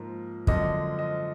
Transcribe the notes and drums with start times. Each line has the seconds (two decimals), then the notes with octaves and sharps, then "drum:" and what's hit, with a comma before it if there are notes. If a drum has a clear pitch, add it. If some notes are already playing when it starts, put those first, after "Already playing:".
Already playing: G#2 F3 A#3
0.47 F#2 D3 F3 G#3 C4 D#5, drum: kick
0.99 D#5